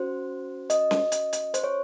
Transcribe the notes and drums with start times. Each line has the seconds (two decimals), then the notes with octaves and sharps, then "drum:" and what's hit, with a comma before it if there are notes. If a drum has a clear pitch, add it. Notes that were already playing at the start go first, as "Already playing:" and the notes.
Already playing: C#4 F#4 C5
0.70 D#5, drum: hi-hat
0.91 drum: snare C#4
1.12 drum: hi-hat
1.33 drum: hi-hat
1.54 C5, drum: hi-hat
1.64 C#5